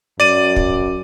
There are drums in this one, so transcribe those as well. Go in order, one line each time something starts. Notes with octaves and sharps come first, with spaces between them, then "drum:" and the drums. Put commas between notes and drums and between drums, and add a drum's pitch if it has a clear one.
F#2 D5 D#7
drum: kick